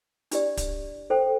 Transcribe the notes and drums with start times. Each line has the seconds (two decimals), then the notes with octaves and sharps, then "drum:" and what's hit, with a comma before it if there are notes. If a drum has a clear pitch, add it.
0.31 D4 G4 D5, drum: hi-hat
0.57 drum: kick, hi-hat
1.10 A4 C5 G5